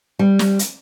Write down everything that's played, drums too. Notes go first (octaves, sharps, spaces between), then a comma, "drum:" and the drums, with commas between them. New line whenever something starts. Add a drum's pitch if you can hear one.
G3
drum: snare
drum: hi-hat